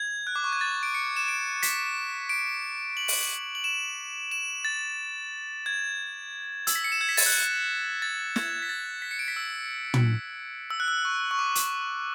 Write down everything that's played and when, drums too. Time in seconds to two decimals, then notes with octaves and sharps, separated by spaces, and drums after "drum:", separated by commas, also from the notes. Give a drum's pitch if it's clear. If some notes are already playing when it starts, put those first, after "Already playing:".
Already playing: G#6
0.27 F#6
0.36 D6
0.44 C#6
0.53 G#6
0.61 A6
0.83 D7
0.94 C#7
1.16 E7
1.28 D7
1.63 B6, drum: hi-hat
2.29 D7
2.97 F#7
3.08 drum: open hi-hat
3.55 F#7
3.64 E7
4.31 E7
4.65 A6
5.66 G#6
6.67 E6, drum: hi-hat
6.75 B6
6.84 C#7
6.92 E7
7.01 G#6
7.09 B6
7.17 A6, drum: open hi-hat
7.26 F#6
8.02 A6
8.36 G#6, drum: snare
8.62 B6
8.69 A6
9.02 B6
9.11 C#7
9.19 D7
9.28 B6
9.36 E6
9.94 drum: tom
10.70 E6
10.80 F#6
10.88 E6
11.05 C#6
11.31 C#6
11.39 D6
11.55 drum: hi-hat